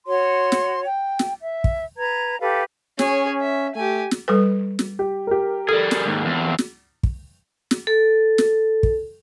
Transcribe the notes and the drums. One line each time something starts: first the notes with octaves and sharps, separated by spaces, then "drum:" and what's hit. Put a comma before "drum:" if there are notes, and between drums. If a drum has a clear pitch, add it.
F#4 C#5 C6
drum: snare
G5
drum: snare
E5
drum: kick
B4 A#5 G#6
G4 A4 B4 F5
C#4 G#4 C#5, drum: snare
E5
A3 G4 G#5
drum: snare
G3 A4 B4
drum: snare
G4
G4 A#4
G3 G#4 A4
drum: snare
D#2 G#2
E2 C4
drum: snare
drum: kick
drum: snare
A4
drum: snare
drum: kick